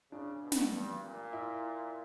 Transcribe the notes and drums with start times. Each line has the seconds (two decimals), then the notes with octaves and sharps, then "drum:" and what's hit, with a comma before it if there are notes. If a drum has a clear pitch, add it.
0.12 C#3 D4
0.42 B2
0.52 drum: snare
0.72 G2
1.02 A#2
1.33 E4